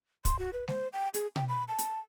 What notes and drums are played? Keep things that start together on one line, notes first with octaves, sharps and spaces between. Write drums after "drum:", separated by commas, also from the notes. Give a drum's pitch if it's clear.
C6, drum: kick, hi-hat
F#4
B4
C5, drum: snare G#3
G5
G#4, drum: hi-hat
G5, drum: tom B2
B5
A5
drum: hi-hat